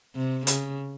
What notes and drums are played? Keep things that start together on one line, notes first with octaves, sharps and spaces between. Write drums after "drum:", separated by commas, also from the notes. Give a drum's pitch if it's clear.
C3
C#3, drum: hi-hat